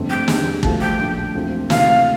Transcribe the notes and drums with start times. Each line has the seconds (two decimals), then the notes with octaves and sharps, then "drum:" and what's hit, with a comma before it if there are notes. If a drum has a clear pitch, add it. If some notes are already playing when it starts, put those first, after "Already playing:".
Already playing: G1 F2 D3 A3 C4
0.10 G5
0.28 E2 D3 G3, drum: snare
0.63 E1 D2 D3 F3 A3 A5, drum: kick
0.81 G5
0.99 A#1 A#2 A3 D4
1.34 E1 D2 D3 F3 C4
1.70 D2 C3 E3 A3 F5, drum: snare